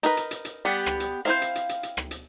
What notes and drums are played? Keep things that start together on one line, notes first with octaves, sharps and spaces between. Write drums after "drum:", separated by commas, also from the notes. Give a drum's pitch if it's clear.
D#4 A#4 B4, drum: hi-hat
drum: hi-hat
drum: hi-hat
drum: hi-hat
G3 B3 G4 F#5
drum: rim click
drum: hi-hat
C4 E4 C5 F5 G6
drum: hi-hat
drum: hi-hat
drum: hi-hat
drum: hi-hat
drum: rim click
drum: hi-hat